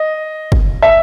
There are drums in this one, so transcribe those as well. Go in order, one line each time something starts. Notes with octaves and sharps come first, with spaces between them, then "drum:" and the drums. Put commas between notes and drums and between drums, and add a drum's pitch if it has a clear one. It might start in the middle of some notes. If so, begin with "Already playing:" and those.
Already playing: D#5
drum: kick
E5